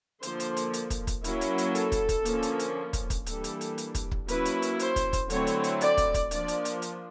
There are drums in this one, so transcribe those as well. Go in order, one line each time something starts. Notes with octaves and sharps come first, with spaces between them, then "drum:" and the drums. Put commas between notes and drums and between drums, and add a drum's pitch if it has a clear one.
D3 F3 A#3 C5, drum: hi-hat
drum: hi-hat
drum: hi-hat
drum: hi-hat
drum: kick, hi-hat
drum: kick, hi-hat
F#3 A#3 C#4 E4, drum: hi-hat
drum: hi-hat
drum: hi-hat
A4, drum: hi-hat
drum: kick, hi-hat
drum: kick, hi-hat
D3 F3 A#3 C#4, drum: hi-hat
drum: hi-hat
drum: hi-hat
drum: kick, hi-hat
drum: kick, hi-hat
E3 G3 A#3 D4 A4, drum: hi-hat
drum: hi-hat
drum: hi-hat
drum: hi-hat
drum: kick, hi-hat
drum: kick
F#3 A#3 C#4 E4 B4, drum: hi-hat
drum: hi-hat
drum: hi-hat
C5, drum: hi-hat
drum: kick, hi-hat
drum: kick, hi-hat
D3 F#3 A3 C4 E4 C#5, drum: hi-hat
drum: hi-hat
drum: hi-hat
D5, drum: hi-hat
drum: kick, hi-hat
drum: kick, hi-hat
F3 A#3 D4 D5, drum: hi-hat
drum: hi-hat
drum: hi-hat
drum: hi-hat